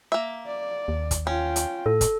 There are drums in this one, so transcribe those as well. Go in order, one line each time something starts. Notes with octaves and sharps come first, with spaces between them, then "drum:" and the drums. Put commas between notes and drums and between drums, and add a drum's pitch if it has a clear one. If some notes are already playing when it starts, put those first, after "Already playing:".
A#3 E5
D5
D#2
drum: kick, hi-hat
C#4 F4 G5
drum: hi-hat
A2 A4
drum: kick, hi-hat